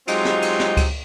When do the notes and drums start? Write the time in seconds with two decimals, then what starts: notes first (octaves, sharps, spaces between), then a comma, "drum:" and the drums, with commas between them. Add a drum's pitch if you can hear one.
0.08 F#3 G#3 C4 D#4 F4 G4, drum: cymbal
0.25 drum: snare
0.42 drum: cymbal
0.60 drum: snare
0.77 drum: kick C#2, cymbal